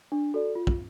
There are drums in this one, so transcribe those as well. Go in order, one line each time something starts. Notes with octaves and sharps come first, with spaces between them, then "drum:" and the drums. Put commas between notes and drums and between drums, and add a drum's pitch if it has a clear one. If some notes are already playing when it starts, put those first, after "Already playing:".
D4
F#4 A4 D5
F4
drum: kick